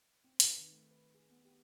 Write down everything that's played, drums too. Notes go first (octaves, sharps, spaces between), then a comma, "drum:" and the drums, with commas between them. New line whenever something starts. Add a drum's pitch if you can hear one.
C4
B4, drum: hi-hat
D#3
A3
B4
G#4
B3
G4